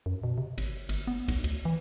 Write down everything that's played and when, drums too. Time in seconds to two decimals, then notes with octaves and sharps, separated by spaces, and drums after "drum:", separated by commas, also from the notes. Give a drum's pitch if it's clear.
0.06 F#2
0.24 B2
0.38 C3
0.58 G#1, drum: cymbal
0.89 G1, drum: cymbal
1.07 B3
1.28 B1, drum: kick C#2, cymbal
1.44 D2, drum: cymbal
1.65 E3